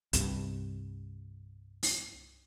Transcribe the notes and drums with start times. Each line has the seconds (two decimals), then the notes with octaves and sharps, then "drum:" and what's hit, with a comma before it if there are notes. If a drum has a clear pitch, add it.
0.13 C2 G2, drum: hi-hat
1.83 drum: open hi-hat